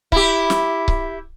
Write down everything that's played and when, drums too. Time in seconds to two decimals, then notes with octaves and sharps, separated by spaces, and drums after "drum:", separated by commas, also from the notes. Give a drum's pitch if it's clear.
0.12 E4 G4, drum: kick C#1
0.50 drum: snare
0.88 drum: kick C#1